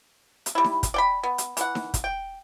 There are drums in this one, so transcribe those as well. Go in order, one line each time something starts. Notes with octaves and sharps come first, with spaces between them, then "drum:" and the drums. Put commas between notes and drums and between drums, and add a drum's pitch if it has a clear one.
drum: hi-hat
G3 E4
drum: snare D#4
drum: kick, hi-hat
D5 G5 B5
B3
drum: hi-hat
E3 F#5, drum: hi-hat
drum: snare D#4
drum: kick, hi-hat
G5